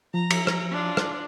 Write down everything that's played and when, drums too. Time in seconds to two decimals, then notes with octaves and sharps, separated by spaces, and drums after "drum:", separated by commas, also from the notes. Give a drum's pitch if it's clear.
0.14 F3 A#5
0.31 drum: cymbal
0.47 drum: rim click
0.71 D4 F4
0.97 drum: rim click